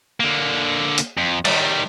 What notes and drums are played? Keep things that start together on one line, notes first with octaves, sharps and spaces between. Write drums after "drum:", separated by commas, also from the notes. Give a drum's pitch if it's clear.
D3 A#3
drum: hi-hat
F2
D#3 G3, drum: cymbal